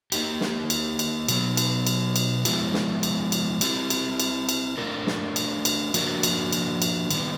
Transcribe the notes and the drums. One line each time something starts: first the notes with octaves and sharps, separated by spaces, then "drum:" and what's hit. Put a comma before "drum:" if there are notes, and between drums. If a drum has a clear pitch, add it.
A#3 D#4 G4, drum: cymbal
drum: snare
drum: cymbal
drum: cymbal
B2 F#3 B3, drum: cymbal
drum: cymbal
drum: cymbal
drum: cymbal
F3 G#3 B3 E4 G4, drum: cymbal
drum: snare
drum: cymbal
drum: cymbal
C4 E4 G4, drum: cymbal
drum: cymbal
drum: cymbal
drum: cymbal
A3 D4 F4 A#4
drum: snare
drum: cymbal
drum: cymbal
F3 A#3 D4 F#4 A#4, drum: cymbal
drum: cymbal
drum: cymbal
drum: cymbal
D#3 G3 B3, drum: cymbal